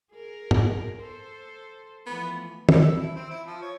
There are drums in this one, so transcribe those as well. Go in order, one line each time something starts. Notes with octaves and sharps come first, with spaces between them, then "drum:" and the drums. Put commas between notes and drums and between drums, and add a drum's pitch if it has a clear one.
G#4 A#4
drum: tom
A4 C5
E3 F3 A3 B3
A4, drum: tom
E6
E4
C4
E4
F3
C#5